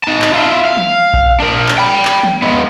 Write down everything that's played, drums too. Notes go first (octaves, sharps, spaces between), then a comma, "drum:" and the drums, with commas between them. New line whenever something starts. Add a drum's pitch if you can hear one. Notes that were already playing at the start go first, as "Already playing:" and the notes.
D#4 A5
drum: clap
E4 F4
F5
drum: tom
drum: kick A#1
D4 A#4
drum: clap
G5 B5
drum: clap
drum: tom
G#3 B3